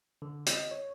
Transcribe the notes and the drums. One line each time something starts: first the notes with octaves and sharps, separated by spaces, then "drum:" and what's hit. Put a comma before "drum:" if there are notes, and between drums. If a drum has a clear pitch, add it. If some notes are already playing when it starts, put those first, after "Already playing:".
D3
D#5, drum: hi-hat
C#5